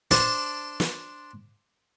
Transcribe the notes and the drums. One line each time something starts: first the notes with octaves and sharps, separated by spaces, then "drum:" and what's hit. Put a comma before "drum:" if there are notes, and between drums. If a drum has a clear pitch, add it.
D4 C5 D5 A5, drum: snare
drum: snare